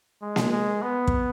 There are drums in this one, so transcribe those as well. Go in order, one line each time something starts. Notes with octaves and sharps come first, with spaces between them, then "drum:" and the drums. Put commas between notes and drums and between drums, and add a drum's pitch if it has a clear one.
G#3
drum: snare A#3
G#3
B3
drum: kick